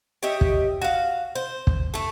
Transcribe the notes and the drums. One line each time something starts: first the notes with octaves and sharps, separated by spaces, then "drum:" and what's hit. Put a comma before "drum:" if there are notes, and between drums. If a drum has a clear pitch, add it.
G4 C#5 D#5 E5
drum: kick
F#4 F5
C5
drum: kick
A3 A4